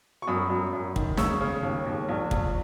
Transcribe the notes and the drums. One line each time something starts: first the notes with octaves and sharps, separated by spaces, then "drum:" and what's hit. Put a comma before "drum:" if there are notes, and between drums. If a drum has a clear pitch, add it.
C#6
F#2 B5 D#6
F#2
F#2
D#3, drum: kick
C#3 C#6 E6, drum: snare
C#3
D#2
D#2
A#1
A#1, drum: kick